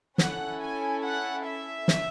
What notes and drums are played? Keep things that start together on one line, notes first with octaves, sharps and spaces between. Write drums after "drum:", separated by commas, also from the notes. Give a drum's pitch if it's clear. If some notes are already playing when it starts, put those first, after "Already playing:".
C#4 E4 A4 F#5, drum: snare
G#5
F#5
E5
drum: snare